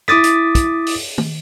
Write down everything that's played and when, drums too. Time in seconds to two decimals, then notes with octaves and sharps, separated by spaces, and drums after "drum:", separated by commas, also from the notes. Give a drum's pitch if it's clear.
0.08 E4 D6 D#6 A6 B6, drum: rim click
0.24 drum: hi-hat
0.55 drum: kick, hi-hat
0.86 drum: open hi-hat
1.18 drum: tom